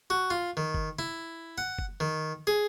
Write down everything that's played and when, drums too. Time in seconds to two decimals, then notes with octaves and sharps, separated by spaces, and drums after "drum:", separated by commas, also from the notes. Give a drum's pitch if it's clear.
0.10 F#4
0.30 F4
0.57 D#3
0.74 drum: kick F#1
0.99 E4, drum: tom
1.58 F#5
1.79 drum: kick F#1
2.00 D#3
2.47 G#4